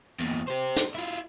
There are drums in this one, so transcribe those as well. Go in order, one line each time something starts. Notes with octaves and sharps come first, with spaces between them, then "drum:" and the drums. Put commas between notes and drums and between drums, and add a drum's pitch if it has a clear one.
E2 A#2
G4 C5
drum: hi-hat
E4 F4